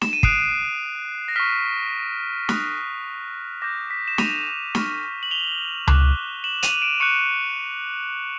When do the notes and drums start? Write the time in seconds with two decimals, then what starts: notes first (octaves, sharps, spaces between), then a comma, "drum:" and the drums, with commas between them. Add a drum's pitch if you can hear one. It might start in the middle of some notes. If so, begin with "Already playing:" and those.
0.02 E7, drum: snare
0.13 D#7
0.23 D#6 F#6 C7 D7, drum: kick
1.28 A#6
1.36 C#6 F6 B6
2.49 D#6 F#6, drum: snare
3.62 D6 G6 A#6
3.91 B6
4.08 E7
4.18 D#7 F7, drum: snare
4.75 C#6 F6, drum: snare
5.23 F#7
5.31 F7 G7
5.87 D6 F#6, drum: tom C#2
6.44 E7 F#7
6.63 D#7 F7, drum: hi-hat
6.82 D7 E7
7.00 C#6 F#6 C#7 D#7